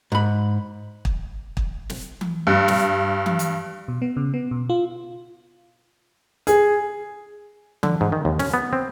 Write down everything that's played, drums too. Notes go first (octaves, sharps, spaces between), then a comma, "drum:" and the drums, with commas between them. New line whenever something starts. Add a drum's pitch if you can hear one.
G#2 B5
drum: kick
drum: kick
drum: snare
drum: tom E3
G2
drum: snare
drum: tom E3
drum: hi-hat
B2
B3
C#3
B3
B2
F4
G#4, drum: hi-hat
D3, drum: tom E3
G#2
D#3
D#2
C#4, drum: snare
B3
C4